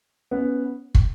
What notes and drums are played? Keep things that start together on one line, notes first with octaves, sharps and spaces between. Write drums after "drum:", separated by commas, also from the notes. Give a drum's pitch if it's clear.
B3 C#4
drum: kick